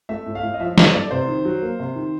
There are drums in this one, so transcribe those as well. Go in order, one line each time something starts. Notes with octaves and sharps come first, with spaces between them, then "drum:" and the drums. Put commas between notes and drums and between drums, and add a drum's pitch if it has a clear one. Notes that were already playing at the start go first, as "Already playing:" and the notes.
A3 E5
A2
F5
A2
D#5
F3 E5
A3 D#5, drum: snare
A2 D5
C3 C5
D#3
F#3
A#3
C3
D#3